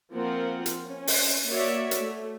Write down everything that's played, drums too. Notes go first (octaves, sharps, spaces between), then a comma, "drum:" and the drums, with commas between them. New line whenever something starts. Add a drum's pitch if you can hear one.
F3 A#3 C4 F4 A#4 F#5
drum: hi-hat
C#4
drum: open hi-hat
A#3 F#4 C#5 D5 E5
drum: hi-hat
A3